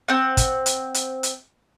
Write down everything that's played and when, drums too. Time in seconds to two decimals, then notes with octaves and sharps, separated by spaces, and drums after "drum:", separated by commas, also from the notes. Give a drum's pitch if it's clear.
0.08 C4 F#5
0.37 drum: kick, hi-hat
0.66 drum: hi-hat
0.94 drum: hi-hat
1.23 drum: hi-hat